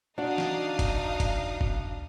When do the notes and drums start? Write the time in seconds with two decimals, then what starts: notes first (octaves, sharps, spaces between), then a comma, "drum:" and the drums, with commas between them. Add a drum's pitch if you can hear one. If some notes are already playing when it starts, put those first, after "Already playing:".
0.18 D4 D#4 F#4 D5 F5 D#6
0.38 drum: snare
0.79 drum: kick F#1, hi-hat
1.20 drum: kick F#1, hi-hat
1.61 drum: kick F#1